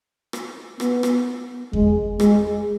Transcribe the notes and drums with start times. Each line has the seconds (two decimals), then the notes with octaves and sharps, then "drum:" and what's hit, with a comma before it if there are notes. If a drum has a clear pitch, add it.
0.33 drum: rim click
0.80 B3, drum: rim click
1.03 drum: rim click
1.73 G#3, drum: kick E2
2.20 G#3, drum: rim click